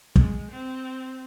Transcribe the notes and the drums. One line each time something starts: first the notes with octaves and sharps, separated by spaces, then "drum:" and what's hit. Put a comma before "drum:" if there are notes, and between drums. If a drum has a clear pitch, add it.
G#3, drum: kick
C4